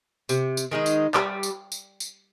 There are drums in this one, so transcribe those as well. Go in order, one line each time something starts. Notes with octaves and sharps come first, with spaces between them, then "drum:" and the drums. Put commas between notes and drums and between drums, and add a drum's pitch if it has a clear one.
C3, drum: tambourine
drum: tambourine
D#3 G#3 D#4
drum: tambourine
G3, drum: clap
drum: tambourine
drum: tambourine
drum: tambourine